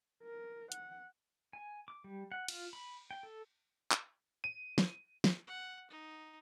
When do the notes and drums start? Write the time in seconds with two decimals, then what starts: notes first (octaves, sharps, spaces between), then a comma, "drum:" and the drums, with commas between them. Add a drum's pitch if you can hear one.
0.23 A#4
0.72 F#5, drum: hi-hat
1.53 G#5
1.88 D6
2.04 G3
2.32 F#5
2.48 F4, drum: cymbal
2.73 B5
3.11 G5
3.23 A4
3.91 drum: clap
4.44 D#7
4.78 drum: snare
5.24 drum: snare
5.47 F#5
5.90 D#4